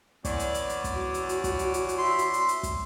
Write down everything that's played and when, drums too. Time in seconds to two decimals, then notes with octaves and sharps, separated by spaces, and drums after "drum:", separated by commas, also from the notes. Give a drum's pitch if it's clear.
0.25 E2 C#5 D5, drum: kick, hi-hat
0.39 drum: hi-hat
0.54 drum: hi-hat
0.69 drum: hi-hat
0.84 drum: kick, hi-hat
0.94 F#4
1.14 drum: hi-hat
1.29 drum: hi-hat
1.44 drum: kick, hi-hat
1.59 drum: hi-hat
1.74 drum: hi-hat
1.89 drum: hi-hat
1.98 E5 C6
2.19 drum: hi-hat
2.33 drum: hi-hat
2.48 drum: hi-hat
2.63 drum: kick, hi-hat